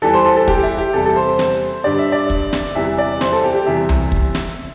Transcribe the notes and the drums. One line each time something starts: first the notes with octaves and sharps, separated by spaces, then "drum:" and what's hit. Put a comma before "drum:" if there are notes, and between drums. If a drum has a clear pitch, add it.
E2 E3 G3 A4
C5
A4
A4
G4, drum: kick
E4
G4
E2 C3 G3 A4
A4
C5
drum: snare
G2 D3 G3 D5
E5
D5
drum: kick
drum: snare
E2 C3 E3 G3 E5
D5
C5, drum: snare
A4
G4
G4
E2 C3 E3 G3 E5
drum: tom C2
drum: kick
drum: snare